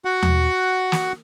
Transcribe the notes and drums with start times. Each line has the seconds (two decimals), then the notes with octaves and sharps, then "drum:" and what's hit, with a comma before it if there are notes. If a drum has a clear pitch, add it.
0.05 F#4 F#5
0.22 drum: tom D#2
0.92 drum: snare